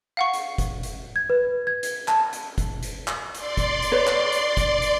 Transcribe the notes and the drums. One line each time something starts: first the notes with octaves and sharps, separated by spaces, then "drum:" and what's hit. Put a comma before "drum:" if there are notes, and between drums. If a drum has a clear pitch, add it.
F5 F#5 C#6
drum: hi-hat
drum: kick, hi-hat
drum: hi-hat
G#6
B4
G#6
drum: hi-hat
A5, drum: clap
drum: hi-hat
drum: kick, hi-hat
drum: hi-hat
drum: clap
D5 C6, drum: hi-hat
drum: kick, hi-hat
drum: hi-hat
B4 C#5
drum: clap
drum: hi-hat
drum: kick, hi-hat
drum: hi-hat